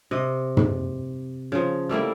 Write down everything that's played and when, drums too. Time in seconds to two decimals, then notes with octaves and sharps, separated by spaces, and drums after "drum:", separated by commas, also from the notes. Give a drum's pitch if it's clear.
0.11 C3 D#5
0.57 drum: tom
1.52 C#3 F3
1.89 G3 A3 A#3 E4